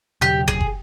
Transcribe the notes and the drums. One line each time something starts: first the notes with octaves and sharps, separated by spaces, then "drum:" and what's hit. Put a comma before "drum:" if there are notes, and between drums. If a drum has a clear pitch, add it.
E2 B2 F#3 G4, drum: tom C#3
G#4, drum: kick
drum: kick